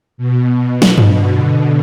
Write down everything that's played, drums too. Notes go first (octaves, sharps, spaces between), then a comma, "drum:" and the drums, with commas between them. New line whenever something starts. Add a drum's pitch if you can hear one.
B2
B2, drum: snare
drum: tom G2
D3